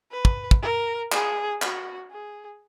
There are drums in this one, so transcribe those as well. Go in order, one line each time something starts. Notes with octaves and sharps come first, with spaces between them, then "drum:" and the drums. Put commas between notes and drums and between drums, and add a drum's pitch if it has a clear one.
B4
drum: kick
drum: kick
A#4
G#4, drum: clap
F#4, drum: clap
G#4